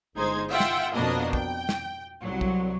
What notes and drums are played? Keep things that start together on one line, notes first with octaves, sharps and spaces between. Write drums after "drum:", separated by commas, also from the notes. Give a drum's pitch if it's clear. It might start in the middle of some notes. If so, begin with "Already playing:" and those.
G1 G#3 D#4 C5 G#6
F4 E5 F#5 G5
drum: snare
F2 B2 A#3 B3 D4 D#5
G5, drum: kick
drum: snare
C2 F#3
drum: kick